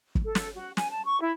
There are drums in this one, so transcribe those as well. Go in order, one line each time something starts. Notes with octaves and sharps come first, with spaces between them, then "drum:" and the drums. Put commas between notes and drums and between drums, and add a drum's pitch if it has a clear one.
drum: kick
A4
drum: snare
F#4
G#5, drum: snare
A5
C#6
E4